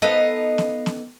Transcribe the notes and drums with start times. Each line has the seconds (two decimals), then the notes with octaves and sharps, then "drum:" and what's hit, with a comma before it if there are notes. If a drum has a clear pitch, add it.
0.02 B3 D#4 A4 D#5 F5
0.58 drum: snare B3
0.86 drum: snare B3